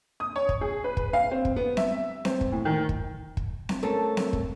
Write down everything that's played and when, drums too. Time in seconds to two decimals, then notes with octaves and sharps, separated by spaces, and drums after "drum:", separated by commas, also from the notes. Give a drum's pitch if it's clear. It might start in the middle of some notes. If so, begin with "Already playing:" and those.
0.20 D#6
0.36 C#5
0.49 drum: kick
0.61 G#4
0.84 B4
0.97 drum: kick
1.13 F5
1.31 C4
1.45 drum: kick
1.56 B3
1.77 E5, drum: snare C4
2.25 C4, drum: snare C4
2.41 drum: kick
2.52 A2
2.65 D#3
2.89 drum: kick
3.37 drum: kick
3.69 drum: snare C4
3.82 A3 C#4 A4 A#4 C5 A5
4.17 drum: snare C4
4.33 drum: kick